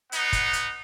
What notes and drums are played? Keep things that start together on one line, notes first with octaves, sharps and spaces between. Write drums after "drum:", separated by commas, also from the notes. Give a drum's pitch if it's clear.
B3 D#4 F#5, drum: hi-hat
drum: kick, hi-hat
drum: hi-hat